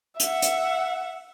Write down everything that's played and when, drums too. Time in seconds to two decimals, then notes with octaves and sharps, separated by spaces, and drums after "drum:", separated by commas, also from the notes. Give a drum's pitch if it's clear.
0.20 E5 F#5, drum: hi-hat
0.42 drum: hi-hat